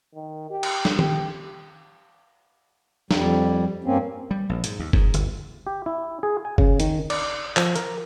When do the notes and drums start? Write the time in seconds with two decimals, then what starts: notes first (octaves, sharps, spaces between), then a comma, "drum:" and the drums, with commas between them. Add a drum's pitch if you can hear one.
0.15 D#3
0.51 G4
0.63 drum: cymbal
0.85 drum: snare
0.99 G4, drum: tom
3.11 F2 G3, drum: snare
3.84 G2 A#3 C4 C#4
4.31 G3
4.49 A#1
4.64 G#2, drum: hi-hat
4.79 D#2
4.93 G#2, drum: kick F#1
5.14 G1, drum: hi-hat
5.67 G4
5.86 E4
6.23 G#4
6.45 G#5
6.58 C#3, drum: kick F#1
6.80 D#3, drum: hi-hat
7.10 D5, drum: cymbal
7.56 F3, drum: clap
7.76 A#4, drum: hi-hat